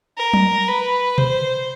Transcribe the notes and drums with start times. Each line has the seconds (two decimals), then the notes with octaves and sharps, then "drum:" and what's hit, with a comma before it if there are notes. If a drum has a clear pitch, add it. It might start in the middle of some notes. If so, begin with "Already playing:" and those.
0.17 A#4
0.34 drum: tom F#3
0.68 B4
1.18 C5, drum: tom B2